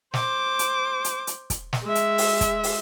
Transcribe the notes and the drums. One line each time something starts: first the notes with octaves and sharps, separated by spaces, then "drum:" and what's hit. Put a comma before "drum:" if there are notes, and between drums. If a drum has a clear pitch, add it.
C5 D6, drum: snare
drum: hi-hat
drum: hi-hat
drum: hi-hat
drum: kick, hi-hat
drum: snare
G#3 E5
drum: hi-hat
drum: open hi-hat
drum: kick, hi-hat
drum: open hi-hat